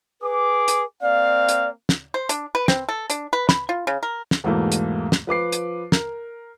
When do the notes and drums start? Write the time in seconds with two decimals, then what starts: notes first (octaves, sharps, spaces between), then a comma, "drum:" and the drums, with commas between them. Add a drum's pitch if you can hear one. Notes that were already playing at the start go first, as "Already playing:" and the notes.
0.22 G#4 B4 D6
0.68 drum: hi-hat
1.02 A#3 C4 D5 F5
1.49 drum: hi-hat
1.89 drum: snare
2.14 C5
2.29 D4, drum: hi-hat
2.55 B4
2.68 C4, drum: snare
2.89 A4
3.10 D4, drum: hi-hat
3.33 B4
3.49 B5, drum: snare
3.69 F4
3.87 C#3
4.03 A#4
4.31 drum: snare
4.44 E2 G#2 B2 E3 A3 A#3
4.72 drum: hi-hat
5.12 drum: snare
5.27 F3 B4 D6 C7
5.52 drum: hi-hat
5.92 A#4, drum: snare